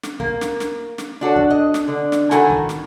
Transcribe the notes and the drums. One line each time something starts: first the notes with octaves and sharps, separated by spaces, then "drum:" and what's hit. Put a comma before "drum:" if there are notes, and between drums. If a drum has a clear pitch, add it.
drum: snare
A#3, drum: kick
drum: snare
drum: snare
drum: snare
D4 F#4 A4 C#5
drum: kick
D#5
drum: snare
D3
drum: snare
D#3 E4 F#4 A4 F#5 G#5, drum: snare
drum: kick
drum: snare